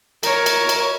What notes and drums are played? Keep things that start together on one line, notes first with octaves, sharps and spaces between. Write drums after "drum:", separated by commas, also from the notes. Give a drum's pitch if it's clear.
A#4 C#5, drum: cymbal
drum: cymbal
drum: cymbal